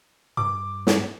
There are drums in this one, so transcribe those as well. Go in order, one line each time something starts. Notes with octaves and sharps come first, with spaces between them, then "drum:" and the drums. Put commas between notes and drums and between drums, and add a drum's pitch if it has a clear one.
G2 D6
drum: snare